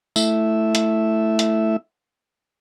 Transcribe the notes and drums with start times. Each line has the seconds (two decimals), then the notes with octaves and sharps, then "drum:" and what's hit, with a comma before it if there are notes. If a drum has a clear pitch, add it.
0.16 A3 E4 E5, drum: tambourine
0.75 drum: hi-hat
1.39 drum: hi-hat